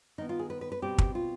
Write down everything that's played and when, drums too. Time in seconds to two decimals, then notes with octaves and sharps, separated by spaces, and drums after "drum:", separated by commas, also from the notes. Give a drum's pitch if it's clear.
0.18 D#3 B3 D#4
0.29 F4
0.39 G#4
0.50 B4
0.61 B4
0.72 B4
0.82 B2 G3 C4 G4
0.98 drum: kick
1.15 F4